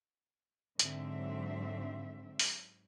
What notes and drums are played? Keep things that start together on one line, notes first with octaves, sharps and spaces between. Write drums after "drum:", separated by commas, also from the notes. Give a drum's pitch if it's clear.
G#2 D3 F#3 C4 E5, drum: hi-hat
drum: open hi-hat